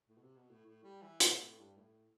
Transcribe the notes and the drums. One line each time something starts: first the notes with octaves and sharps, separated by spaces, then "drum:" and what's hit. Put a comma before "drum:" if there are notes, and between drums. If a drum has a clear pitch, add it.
A2
B2
C3
B2
A2
A2
G3
E3
C3, drum: hi-hat
A2
G2
A2